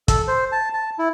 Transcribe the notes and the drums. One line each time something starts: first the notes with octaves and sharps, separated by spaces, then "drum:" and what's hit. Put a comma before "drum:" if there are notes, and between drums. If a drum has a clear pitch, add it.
A4, drum: kick, hi-hat
C5
A5
A5
E4